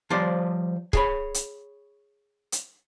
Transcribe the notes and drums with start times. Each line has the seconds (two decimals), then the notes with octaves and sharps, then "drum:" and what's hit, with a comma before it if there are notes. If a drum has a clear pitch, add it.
0.10 F3 G3 C5 D5
0.93 G#4 C#5 B5, drum: kick
1.34 drum: hi-hat
2.52 drum: hi-hat